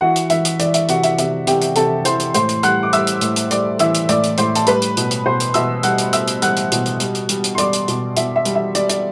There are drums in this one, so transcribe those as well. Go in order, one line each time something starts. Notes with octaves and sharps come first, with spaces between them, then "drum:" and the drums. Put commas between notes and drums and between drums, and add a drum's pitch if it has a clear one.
E3 F#4 F#5
drum: hi-hat
E3 E5, drum: hi-hat
drum: hi-hat
E3 D5, drum: hi-hat
E5, drum: hi-hat
C3 F#4 F#5, drum: hi-hat
E5, drum: hi-hat
C3 E5, drum: hi-hat
C3 G4 G5, drum: hi-hat
drum: hi-hat
C3 A4 A5, drum: hi-hat
E3 C5 C6, drum: hi-hat
drum: hi-hat
A2 C5 C6, drum: hi-hat
drum: hi-hat
G3 F#5 F#6, drum: hi-hat
D6
G3 E5 E6, drum: hi-hat
drum: hi-hat
A2, drum: hi-hat
drum: hi-hat
G3 D5 D6, drum: hi-hat
E3 E5 E6, drum: hi-hat
drum: hi-hat
A2 D5 D6, drum: hi-hat
drum: hi-hat
A2 C5 C6, drum: hi-hat
A5, drum: hi-hat
G3 B4 B5, drum: hi-hat
drum: hi-hat
B2, drum: hi-hat
drum: hi-hat
B2 C5 C6
drum: hi-hat
B2 E5 E6, drum: hi-hat
G3 F#5 F#6, drum: hi-hat
drum: hi-hat
G3 E5 E6, drum: hi-hat
drum: hi-hat
G3 F#5 F#6, drum: hi-hat
drum: hi-hat
B2, drum: hi-hat
drum: hi-hat
G3, drum: hi-hat
drum: hi-hat
G3, drum: hi-hat
drum: hi-hat
C6
G3 D5 D6, drum: hi-hat
drum: hi-hat
B2, drum: hi-hat
B2 E5, drum: hi-hat
E5
G3, drum: hi-hat
E5
G3 D5, drum: hi-hat
D5, drum: hi-hat